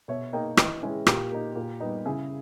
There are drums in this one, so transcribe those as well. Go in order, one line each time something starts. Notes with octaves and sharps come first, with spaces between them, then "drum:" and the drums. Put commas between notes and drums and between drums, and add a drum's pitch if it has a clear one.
B2 C#5 E5
A#3 D#4 D#5 G5
E3 D#5 G5, drum: rim click
G#3 C#4 E4 G#4
A#2 G4 A#4, drum: rim click
A#3 D#4
A#2
G3 B3 D#4
C#3 E4 G#4